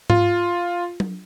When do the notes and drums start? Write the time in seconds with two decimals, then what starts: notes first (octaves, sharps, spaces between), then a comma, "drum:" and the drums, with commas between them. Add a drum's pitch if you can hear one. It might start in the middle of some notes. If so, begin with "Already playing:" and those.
0.10 F4, drum: tom G#2
1.00 drum: tom F#3